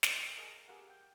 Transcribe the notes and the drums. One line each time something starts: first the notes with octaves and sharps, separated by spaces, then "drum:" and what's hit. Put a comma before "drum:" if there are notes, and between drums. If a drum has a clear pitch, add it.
A#4 C#5 E5, drum: snare
D#5 G5
G#4 A#4 D#5 F5 A5 A#5
G4 G#4 A#4 F5 F#5
G5